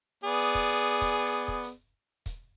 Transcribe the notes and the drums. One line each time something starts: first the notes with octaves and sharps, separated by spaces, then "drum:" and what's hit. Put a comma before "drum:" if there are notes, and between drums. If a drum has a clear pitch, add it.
B3 G#4 D5
drum: hi-hat
drum: kick
drum: hi-hat
drum: kick, hi-hat
drum: hi-hat
drum: kick
drum: hi-hat
drum: kick, hi-hat